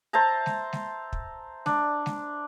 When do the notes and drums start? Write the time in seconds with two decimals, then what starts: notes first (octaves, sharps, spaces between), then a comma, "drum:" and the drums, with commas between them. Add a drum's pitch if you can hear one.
0.13 C5 E5 A5 A#5
0.46 drum: snare G#3
0.73 drum: snare G#3
1.13 drum: kick
1.66 D4, drum: snare G#3
2.06 drum: snare G#3